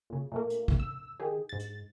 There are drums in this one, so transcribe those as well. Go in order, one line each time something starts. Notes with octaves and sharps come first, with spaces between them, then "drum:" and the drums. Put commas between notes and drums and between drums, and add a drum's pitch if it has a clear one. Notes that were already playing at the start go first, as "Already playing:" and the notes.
A#2 C#3
A#2 A3 A#3
drum: hi-hat
drum: kick
E6
D#3 G4 G#4
G#2 A6
drum: hi-hat